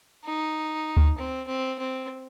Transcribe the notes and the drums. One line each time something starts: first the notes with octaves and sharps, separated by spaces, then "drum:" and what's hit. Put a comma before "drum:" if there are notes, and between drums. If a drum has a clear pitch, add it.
D#4
drum: kick D2
C4
C4
C4